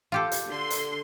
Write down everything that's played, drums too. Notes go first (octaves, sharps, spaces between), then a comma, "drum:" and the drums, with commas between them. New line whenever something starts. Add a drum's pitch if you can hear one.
F4 G4 A4
drum: hi-hat
D3 C6
drum: hi-hat